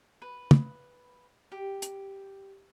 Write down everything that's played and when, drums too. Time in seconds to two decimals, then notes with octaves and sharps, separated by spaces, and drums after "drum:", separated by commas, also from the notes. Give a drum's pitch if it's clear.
0.22 B4
0.51 drum: tom
1.52 G4
1.82 drum: hi-hat